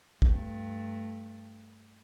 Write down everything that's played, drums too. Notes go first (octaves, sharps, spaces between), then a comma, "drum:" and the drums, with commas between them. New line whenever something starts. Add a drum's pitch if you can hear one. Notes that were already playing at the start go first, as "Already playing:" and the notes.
G2 A3, drum: kick